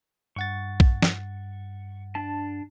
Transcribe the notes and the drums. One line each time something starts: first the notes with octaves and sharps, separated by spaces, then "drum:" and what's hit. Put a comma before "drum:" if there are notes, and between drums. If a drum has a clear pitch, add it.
G2 F#5 C#6 A6
drum: kick A#1
drum: snare
D4 A5